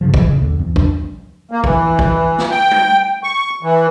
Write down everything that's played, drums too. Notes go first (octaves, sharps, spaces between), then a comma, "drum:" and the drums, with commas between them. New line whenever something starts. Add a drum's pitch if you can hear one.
G2 C#3 F3
D1 D2 E3, drum: kick
C#3
D#2 D3
E2
D4, drum: kick
A#3
E3, drum: kick
drum: kick
drum: snare
G5
drum: tom G#3
C#6
E3